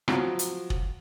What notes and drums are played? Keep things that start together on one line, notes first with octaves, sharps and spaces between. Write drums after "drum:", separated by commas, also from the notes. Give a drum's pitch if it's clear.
F3 F#3, drum: rim click
drum: hi-hat
drum: kick